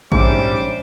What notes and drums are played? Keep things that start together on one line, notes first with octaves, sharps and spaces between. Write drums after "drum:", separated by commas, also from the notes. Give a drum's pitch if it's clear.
A#1 G#2 C3 G3 C#4 C5 D6, drum: kick A1